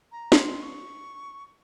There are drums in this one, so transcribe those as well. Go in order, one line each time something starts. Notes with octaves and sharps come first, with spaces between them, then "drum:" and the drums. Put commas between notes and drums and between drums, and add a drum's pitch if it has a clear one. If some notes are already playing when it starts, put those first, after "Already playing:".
A#5
C6, drum: snare
C#6